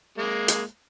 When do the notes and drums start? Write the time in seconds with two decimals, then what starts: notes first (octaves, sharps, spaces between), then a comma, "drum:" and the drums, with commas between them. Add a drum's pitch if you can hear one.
0.18 G#3 A#3
0.48 drum: hi-hat